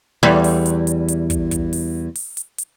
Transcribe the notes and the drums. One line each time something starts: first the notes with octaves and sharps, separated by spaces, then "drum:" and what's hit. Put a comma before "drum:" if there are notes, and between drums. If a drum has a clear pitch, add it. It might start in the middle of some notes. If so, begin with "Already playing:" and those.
E2 G3
drum: open hi-hat
drum: hi-hat
drum: hi-hat
drum: hi-hat
drum: kick, hi-hat
drum: kick, hi-hat
drum: open hi-hat
drum: open hi-hat
drum: hi-hat
drum: hi-hat